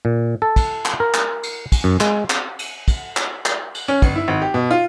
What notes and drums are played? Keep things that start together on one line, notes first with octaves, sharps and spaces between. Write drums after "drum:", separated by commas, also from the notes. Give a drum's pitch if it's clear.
A#2
A4
drum: kick, cymbal
drum: clap
A#4
drum: clap
drum: cymbal
drum: kick, cymbal
F#2
G#3, drum: clap
drum: clap
drum: cymbal
drum: kick, cymbal
drum: clap
drum: clap
drum: cymbal
C#4
G1, drum: kick, cymbal
E4
G#1
G4
B2
F4